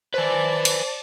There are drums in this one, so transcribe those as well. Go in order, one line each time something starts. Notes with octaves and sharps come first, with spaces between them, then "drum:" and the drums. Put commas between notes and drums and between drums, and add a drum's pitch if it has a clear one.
B4 C5 D5 G#5 A5
drum: cymbal